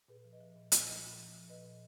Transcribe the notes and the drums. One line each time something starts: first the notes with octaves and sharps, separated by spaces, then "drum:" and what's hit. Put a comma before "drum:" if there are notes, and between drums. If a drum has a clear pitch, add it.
A#2 G#4 B4
F3
B4 D#5
F3
A#2
A#2, drum: hi-hat
F3
A#2
F3
F3
A#2 B4 D#5
A#2